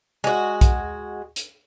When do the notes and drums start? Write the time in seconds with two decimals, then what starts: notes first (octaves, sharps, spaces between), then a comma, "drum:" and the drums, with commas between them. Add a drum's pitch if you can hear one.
0.24 G#3 F#4
0.61 drum: kick B1, hi-hat
1.36 drum: hi-hat